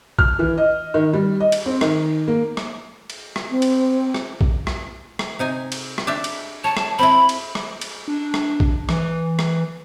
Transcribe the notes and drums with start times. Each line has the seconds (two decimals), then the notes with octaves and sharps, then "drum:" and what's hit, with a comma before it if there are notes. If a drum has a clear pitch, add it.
0.19 F6, drum: kick A#1
0.39 E3
0.58 D#5
0.94 D#3
1.13 G3
1.40 D#5
1.52 drum: cymbal
1.66 C4
1.81 D#3, drum: rim click
2.28 A#3
2.57 drum: rim click
3.10 drum: cymbal
3.36 drum: rim click
3.50 C4
3.62 drum: cymbal
4.14 drum: rim click
4.41 drum: kick A#1
4.67 drum: rim click
5.19 drum: rim click
5.39 C3 D#4 G#5
5.72 drum: cymbal
5.98 drum: rim click
6.07 D4 G4 E5
6.24 drum: cymbal
6.64 C#5 A5
6.77 drum: rim click
6.99 C4 E4 B5
7.29 drum: cymbal
7.55 drum: rim click
7.81 drum: cymbal
8.08 D4
8.34 drum: rim click
8.60 drum: kick A#1
8.89 E3, drum: rim click
9.39 drum: rim click